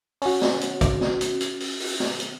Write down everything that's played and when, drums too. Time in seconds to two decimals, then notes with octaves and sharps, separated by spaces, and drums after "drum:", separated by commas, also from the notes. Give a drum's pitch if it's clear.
0.22 C#4 F#4, drum: open hi-hat
0.42 drum: snare
0.61 drum: hi-hat
0.81 drum: kick, hi-hat
1.01 drum: snare
1.21 drum: hi-hat
1.41 drum: hi-hat
1.60 drum: open hi-hat
1.80 drum: open hi-hat
2.00 drum: snare
2.20 drum: hi-hat